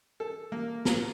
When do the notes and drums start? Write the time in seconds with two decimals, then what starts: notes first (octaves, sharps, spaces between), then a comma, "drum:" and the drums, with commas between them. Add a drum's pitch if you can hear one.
0.20 A4
0.52 A#3
0.85 A#5, drum: snare